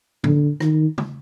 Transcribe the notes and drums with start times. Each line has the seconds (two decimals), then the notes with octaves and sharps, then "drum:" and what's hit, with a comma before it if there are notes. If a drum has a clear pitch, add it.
0.24 D3, drum: tom A2
0.60 D#3, drum: rim click
0.98 drum: tom